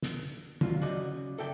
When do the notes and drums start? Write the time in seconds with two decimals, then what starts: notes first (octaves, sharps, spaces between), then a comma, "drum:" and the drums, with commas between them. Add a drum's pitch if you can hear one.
0.02 drum: snare
0.61 D2 F#3 F4, drum: tom
0.82 C#3 F#4 D5 D#5
1.38 A4 D5 E5 G5